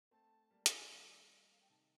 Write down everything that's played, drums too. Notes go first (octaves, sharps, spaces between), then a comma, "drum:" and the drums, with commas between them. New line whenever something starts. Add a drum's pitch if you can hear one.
A3 C4 A5
G3 A#3
drum: hi-hat
D#3 G3
D5
D#5
F5
G5
C3 D#3 A5